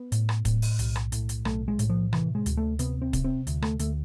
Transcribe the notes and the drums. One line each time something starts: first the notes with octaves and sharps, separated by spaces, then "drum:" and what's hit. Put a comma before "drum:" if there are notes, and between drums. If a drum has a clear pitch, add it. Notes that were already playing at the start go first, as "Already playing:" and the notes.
Already playing: B3
A2, drum: hi-hat
drum: rim click
A2, drum: kick, hi-hat
drum: open hi-hat
B1, drum: hi-hat
drum: rim click
A2, drum: hi-hat
drum: hi-hat
B1 A3, drum: rim click
G#3
A2, drum: hi-hat
F3
C3 E3, drum: rim click
G#3
D2, drum: hi-hat
A3
C3 B3, drum: hi-hat
C4
C3, drum: kick, hi-hat
C4
D2, drum: hi-hat
A3, drum: rim click
D2 A3, drum: hi-hat